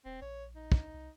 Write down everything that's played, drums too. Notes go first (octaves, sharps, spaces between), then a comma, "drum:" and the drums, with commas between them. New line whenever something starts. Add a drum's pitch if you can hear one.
D#1 C4
A#1 C#5
D#4
drum: kick
C2